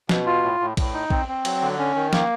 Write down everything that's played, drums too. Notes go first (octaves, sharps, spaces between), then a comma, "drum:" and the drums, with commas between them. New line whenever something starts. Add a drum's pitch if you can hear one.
B2, drum: snare
F4
A2
A2
A2, drum: kick, cymbal
D#4
C4, drum: kick
C4
F#3, drum: cymbal
D3
C#4
D#3
A#3, drum: snare